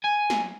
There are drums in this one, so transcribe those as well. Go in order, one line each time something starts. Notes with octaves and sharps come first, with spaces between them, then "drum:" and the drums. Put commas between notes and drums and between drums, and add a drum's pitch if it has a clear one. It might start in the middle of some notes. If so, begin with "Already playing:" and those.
G#5
drum: snare